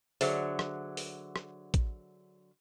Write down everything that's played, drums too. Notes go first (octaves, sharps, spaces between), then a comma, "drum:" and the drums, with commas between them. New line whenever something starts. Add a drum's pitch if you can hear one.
D3 F#3 G#4 C5 E5, drum: open hi-hat
drum: rim click
drum: open hi-hat
drum: rim click
drum: kick, hi-hat